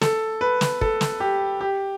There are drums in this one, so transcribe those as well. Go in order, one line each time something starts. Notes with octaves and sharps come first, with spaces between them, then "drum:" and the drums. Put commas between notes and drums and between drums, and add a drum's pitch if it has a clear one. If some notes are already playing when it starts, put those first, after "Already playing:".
A4, drum: snare
B4
drum: snare
A4, drum: kick
drum: snare
G4
G4